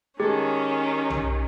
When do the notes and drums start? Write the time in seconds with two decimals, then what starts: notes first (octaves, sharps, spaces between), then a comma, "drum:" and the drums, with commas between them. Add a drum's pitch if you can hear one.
0.20 D#3 G#3 C#4 G4 A4
1.10 drum: tom B1